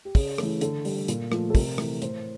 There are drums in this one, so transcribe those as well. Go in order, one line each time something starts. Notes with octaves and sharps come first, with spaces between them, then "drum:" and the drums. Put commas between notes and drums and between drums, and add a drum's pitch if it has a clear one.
G4
C#3 G#4, drum: kick, open hi-hat
E3 A3, drum: rim click
D3 A4, drum: hi-hat
G3, drum: open hi-hat
A#2, drum: hi-hat
F3 A3, drum: rim click
A4
C3 A#4, drum: kick, open hi-hat
E3 A3, drum: rim click
A2 C5, drum: hi-hat